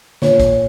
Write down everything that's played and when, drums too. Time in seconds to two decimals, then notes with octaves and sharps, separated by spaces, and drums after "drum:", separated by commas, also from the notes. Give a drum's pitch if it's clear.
0.22 A#2 C#5, drum: snare
0.40 drum: kick, hi-hat